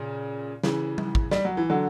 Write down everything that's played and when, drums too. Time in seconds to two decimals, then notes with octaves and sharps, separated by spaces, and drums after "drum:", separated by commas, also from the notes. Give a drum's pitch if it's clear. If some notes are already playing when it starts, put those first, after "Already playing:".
Already playing: A#2 C#3
0.64 C#3 E3, drum: snare
0.98 drum: tom G3
1.15 drum: kick
1.31 G3, drum: snare
1.45 F#3
1.57 E3
1.70 D3 F#3